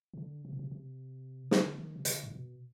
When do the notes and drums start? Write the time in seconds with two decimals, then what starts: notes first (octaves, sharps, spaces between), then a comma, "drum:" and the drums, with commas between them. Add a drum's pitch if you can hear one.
0.14 C3
0.18 D3
0.45 C3
0.52 B2
0.59 C3
0.71 C3
1.51 D3, drum: snare
1.78 D#3
1.96 C3
2.05 D3, drum: hi-hat
2.23 G#2
2.31 B2